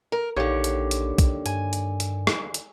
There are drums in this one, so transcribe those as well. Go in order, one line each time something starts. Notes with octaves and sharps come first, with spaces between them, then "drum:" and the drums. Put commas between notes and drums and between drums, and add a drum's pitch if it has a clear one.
A#4
A#1 D#2 D3 G4 C#5
drum: hi-hat
drum: hi-hat
drum: kick B1, hi-hat
G2 G#5, drum: hi-hat
drum: hi-hat
drum: hi-hat
drum: rim click
drum: hi-hat